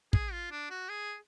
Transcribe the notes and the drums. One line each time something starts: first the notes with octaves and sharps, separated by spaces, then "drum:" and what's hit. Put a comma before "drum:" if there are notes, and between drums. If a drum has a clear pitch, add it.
G#4, drum: kick
F4
D4
F#4
G#4